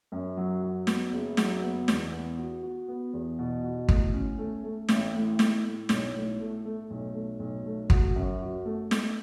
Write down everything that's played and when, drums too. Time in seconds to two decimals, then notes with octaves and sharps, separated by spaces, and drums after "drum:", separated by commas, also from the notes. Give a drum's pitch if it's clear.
0.12 F#2
0.37 F#3
0.63 F#3
0.87 B3, drum: snare
1.12 F#1
1.37 F#3, drum: snare
1.63 B3
1.88 E2, drum: snare
2.12 B3
2.38 F#4
2.63 F#4
2.88 B3
3.13 E2
3.39 B2
3.64 F#4
3.89 A2, drum: kick
4.13 C#4
4.38 A3
4.64 A3
4.89 A1, drum: snare
5.14 A2
5.39 A2, drum: snare
5.64 A2
5.89 B1, drum: snare
6.15 A2
6.40 A3
6.65 A3
6.90 B1
7.15 A3
7.40 B1
7.65 A3
7.90 F#4, drum: kick
8.16 F#2
8.41 F#4
8.65 A3
8.91 A3, drum: snare